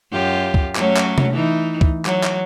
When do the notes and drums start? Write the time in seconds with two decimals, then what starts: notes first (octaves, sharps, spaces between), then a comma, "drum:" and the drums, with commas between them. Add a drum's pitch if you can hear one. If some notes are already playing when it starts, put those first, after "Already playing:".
0.12 F#2 F4 G4
0.54 drum: kick
0.75 F#3 A3 C#4, drum: clap
0.96 drum: clap
1.18 drum: tom C3
1.34 E3 D#4
1.81 drum: kick
2.05 F#3, drum: clap
2.23 drum: clap